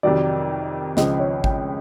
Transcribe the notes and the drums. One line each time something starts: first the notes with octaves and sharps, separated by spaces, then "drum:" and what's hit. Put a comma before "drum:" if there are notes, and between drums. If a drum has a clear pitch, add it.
F2 C3 D#3 F#3 D5
C#2 C#3 F3 D#5, drum: snare
C#5
G5, drum: kick G#1